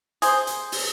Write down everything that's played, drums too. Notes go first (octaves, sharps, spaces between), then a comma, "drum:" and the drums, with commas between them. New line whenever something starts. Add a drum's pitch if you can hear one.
G#4 C5, drum: hi-hat
drum: hi-hat
drum: open hi-hat